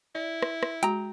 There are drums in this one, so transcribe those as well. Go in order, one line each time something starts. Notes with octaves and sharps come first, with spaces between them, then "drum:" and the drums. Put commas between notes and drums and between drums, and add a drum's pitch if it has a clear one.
E4 D5
drum: rim click
drum: rim click
G#3 F#4 G#4 G5 A#5, drum: hi-hat